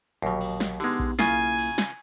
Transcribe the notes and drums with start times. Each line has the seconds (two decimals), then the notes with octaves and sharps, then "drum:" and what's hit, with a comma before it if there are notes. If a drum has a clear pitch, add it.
0.22 A#1 D#2 B2 F#3
0.41 drum: cymbal
0.60 drum: snare
0.80 D3 G#3 B3 D#4 G4, drum: cymbal
1.00 drum: kick A#1
1.19 B1 C#3 A#3 E4 F4 G#5, drum: snare
1.58 drum: cymbal
1.78 drum: snare